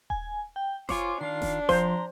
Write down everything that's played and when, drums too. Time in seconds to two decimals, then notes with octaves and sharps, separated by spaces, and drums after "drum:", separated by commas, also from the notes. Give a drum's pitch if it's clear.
0.10 G#5, drum: kick D#1
0.56 G5
0.89 F4 C5 C#5 G#5 D6, drum: snare F1
1.21 D#3 D4 F4 F5 C7
1.42 drum: snare F1
1.69 F3 C5 A#5 C6, drum: snare F1